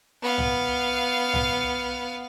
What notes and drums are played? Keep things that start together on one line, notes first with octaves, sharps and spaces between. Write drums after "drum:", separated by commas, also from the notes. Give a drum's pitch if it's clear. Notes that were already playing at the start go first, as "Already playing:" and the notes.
B3 F5
drum: tom
drum: tom